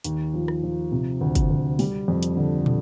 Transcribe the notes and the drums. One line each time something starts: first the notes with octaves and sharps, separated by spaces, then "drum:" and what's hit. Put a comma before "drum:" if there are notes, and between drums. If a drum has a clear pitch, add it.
D#2, drum: hi-hat
F3
drum: rim click
F3
C3
D2
drum: kick, hi-hat
D2
G3, drum: open hi-hat
F2
drum: hi-hat
D3
drum: tom